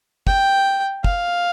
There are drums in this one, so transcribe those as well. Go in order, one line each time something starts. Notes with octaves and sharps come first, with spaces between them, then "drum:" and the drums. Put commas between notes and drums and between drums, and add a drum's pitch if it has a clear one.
G5, drum: kick
F5, drum: kick